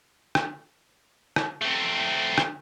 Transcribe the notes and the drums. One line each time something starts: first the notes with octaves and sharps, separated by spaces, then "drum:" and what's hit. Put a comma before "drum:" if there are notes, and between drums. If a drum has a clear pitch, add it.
drum: rim click
drum: rim click
A3 C4
drum: rim click